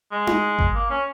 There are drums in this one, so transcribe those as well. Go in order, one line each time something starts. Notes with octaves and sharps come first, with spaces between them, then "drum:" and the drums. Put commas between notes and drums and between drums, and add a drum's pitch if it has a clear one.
G#3
drum: tom D#4
drum: kick G#1
A#3
C#4